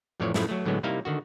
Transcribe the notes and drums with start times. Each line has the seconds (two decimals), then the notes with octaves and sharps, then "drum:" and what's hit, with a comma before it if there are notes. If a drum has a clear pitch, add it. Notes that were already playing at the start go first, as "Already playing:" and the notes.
0.20 F2 A2 E3 F3 C#5 D5
0.34 F#2 A2 F3 A3 E4, drum: snare
0.49 F#3 A3
0.66 A2 D3 F#3 G#3 B3
0.83 C3 G3 A#3 D#4 E4 F5
1.05 D3 D#3 F#4